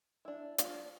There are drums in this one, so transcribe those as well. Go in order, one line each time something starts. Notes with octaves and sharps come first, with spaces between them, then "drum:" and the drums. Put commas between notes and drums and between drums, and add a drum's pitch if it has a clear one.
D4 E4
D4 F4, drum: hi-hat